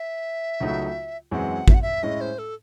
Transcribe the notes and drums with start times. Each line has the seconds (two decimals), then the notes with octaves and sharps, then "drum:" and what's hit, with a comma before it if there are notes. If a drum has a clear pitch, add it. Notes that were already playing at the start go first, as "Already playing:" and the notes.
Already playing: E5
0.60 C#2 C#3 F#3 A3 D#4
1.31 F#2 E3 G#3 C4 F#5
1.68 E5, drum: kick
1.74 F#5
1.82 E5
2.03 A2 G#3 C#4 E4 D#5
2.21 C5
2.39 A4